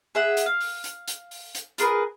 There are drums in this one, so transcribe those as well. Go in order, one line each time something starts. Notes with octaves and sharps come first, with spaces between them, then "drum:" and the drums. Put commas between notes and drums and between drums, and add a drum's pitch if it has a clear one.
G#4 E5 F#5
drum: hi-hat
F5
drum: open hi-hat
drum: hi-hat
drum: hi-hat
drum: open hi-hat
drum: hi-hat
F4 G#4 A#4 B4, drum: hi-hat